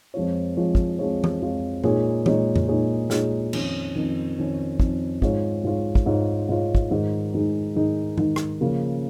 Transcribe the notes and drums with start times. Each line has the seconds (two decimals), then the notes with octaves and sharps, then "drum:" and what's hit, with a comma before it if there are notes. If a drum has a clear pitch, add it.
0.14 F2 F3 G#3 F4 C#5
0.57 F2 F3 G#3 F4 C#5
0.75 drum: kick
0.99 F2 F3 G#3 F4 C#5
1.24 drum: tom
1.42 F2 F3 G#3 F4 C#5
1.84 A#2 G#3 D#4 G#4 C#5, drum: tom G#2
2.26 A#2 G#3 D#4 G#4 C#5, drum: tom
2.56 drum: tom F2
2.68 A#2 G#3 D#4 G#4 C#5
3.10 A#2 G#3 D#4 G#4 C#5, drum: snare
3.53 F2 D#3 C#4, drum: cymbal
3.95 F2 D#3 C#4
4.37 F2 D#3 C#4
4.80 F2 D#3 C#4, drum: kick
5.22 G#2 G#3 F4 C#5, drum: kick
5.64 G#2 G#3 F4 C#5
5.95 drum: kick
6.06 G#2 G#3 F4 C#5
6.49 G#2 G#3 F4 C#5
6.75 drum: kick
6.91 G#2 D#3 G#3 D#4
7.34 G#2 D#3 G#3 D#4
7.76 G#2 D#3 G#3 D#4
8.18 G#2 D#3 G#3 D#4, drum: tom G#2
8.36 drum: rim click
8.61 C#3 F3 A#3 C#4